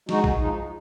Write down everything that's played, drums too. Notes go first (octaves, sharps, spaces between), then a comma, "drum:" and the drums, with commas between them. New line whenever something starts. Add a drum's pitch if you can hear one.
G#3 D#4 F#4, drum: snare
drum: kick
F3 G#3 D#4